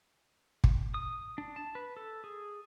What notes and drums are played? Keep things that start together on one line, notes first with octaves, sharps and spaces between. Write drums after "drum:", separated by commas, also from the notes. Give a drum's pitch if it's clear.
drum: kick
D#6
D4
A5
B4
A4
G#4